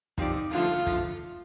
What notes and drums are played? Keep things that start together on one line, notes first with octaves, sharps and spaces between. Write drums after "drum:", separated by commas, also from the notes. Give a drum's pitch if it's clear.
F3 C4 D#4 G4 D5, drum: kick, hi-hat
G2 D3 F3 A3 F4, drum: hi-hat
D3 F3 A3, drum: kick, hi-hat